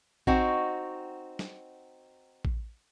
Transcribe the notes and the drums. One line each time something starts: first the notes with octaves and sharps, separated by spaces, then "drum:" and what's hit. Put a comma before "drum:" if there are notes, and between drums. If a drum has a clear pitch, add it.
C4 D#4 F#4, drum: kick A1
drum: snare
drum: kick A1